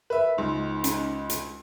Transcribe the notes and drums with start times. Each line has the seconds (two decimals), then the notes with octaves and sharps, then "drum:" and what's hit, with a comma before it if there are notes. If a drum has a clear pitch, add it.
0.10 B4 E5
0.38 C#2 G#2
0.84 C#4, drum: hi-hat
1.30 drum: hi-hat